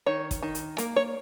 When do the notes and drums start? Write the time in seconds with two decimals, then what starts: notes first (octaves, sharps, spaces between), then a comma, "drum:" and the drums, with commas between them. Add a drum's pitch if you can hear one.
0.06 D#3 C#5
0.31 drum: kick, hi-hat
0.43 D#3
0.55 drum: hi-hat
0.78 A#3 A#4, drum: hi-hat
0.96 C#5